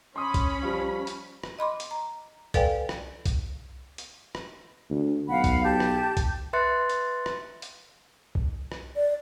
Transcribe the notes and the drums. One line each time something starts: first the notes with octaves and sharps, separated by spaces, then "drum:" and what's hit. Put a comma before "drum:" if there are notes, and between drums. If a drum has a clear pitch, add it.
C#4 B5 C6 D#6
drum: kick B1, hi-hat
F3 G3
drum: hi-hat
drum: rim click
D#5 B5 C6 D6
drum: hi-hat
A#5
A4 B4 D5 F5 G5 G#5, drum: kick B1, hi-hat
drum: rim click
drum: kick B1, hi-hat
drum: hi-hat
drum: rim click
D2
B1 F5 F#5 B5
drum: kick B1, hi-hat
G4 A5 G6
drum: rim click
drum: kick B1, hi-hat
B4 E5 C6 F#6 A6 C#7
drum: hi-hat
drum: rim click
drum: hi-hat
drum: kick B1
drum: rim click
D5